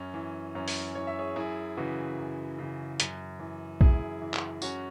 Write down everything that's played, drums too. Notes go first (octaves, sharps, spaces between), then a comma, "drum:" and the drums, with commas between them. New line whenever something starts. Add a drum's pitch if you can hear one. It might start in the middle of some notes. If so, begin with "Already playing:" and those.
Already playing: F#2 C#4
E3
F#2 C#4
drum: open hi-hat
E3 C#5
E5
G#4 C#5
F#2 E4 G#4
C#3 E3 F#4 B4
F#2
C#3 E3
F#2, drum: hi-hat
E3
F#2 E4 G#4, drum: kick A#1
E3
drum: clap
F#2 C#4 F#4, drum: tambourine